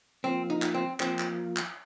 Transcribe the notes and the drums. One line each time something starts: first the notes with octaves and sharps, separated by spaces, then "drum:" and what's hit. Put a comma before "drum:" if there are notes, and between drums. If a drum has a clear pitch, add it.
F3 A#3 C4 F4
D#4
drum: clap
C4
F3 A#3 C4 F4, drum: clap
drum: clap
drum: clap